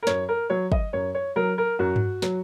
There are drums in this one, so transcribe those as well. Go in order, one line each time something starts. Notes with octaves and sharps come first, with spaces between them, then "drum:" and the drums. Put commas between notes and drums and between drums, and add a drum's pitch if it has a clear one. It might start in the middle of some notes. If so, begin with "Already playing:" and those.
A#4
F#2 C#5, drum: snare
A#4
F#3 C#5
D#5, drum: kick
F#2 C#5
C#5
F#3 A#4
A#4
F#2 F#4
drum: tom G2
F#3, drum: snare